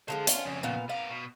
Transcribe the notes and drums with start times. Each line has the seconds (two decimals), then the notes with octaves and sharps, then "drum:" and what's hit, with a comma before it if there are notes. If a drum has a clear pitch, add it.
0.08 D3 F#3 G#3 C5 F5
0.27 C#4 F4, drum: hi-hat
0.46 F2 C#3
0.63 A#2 B3 F5
0.89 B3 A#4 F5
1.09 B2